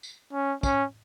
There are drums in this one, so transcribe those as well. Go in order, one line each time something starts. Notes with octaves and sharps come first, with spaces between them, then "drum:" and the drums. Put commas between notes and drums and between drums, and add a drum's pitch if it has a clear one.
drum: tambourine
C#4
C#4, drum: kick, tambourine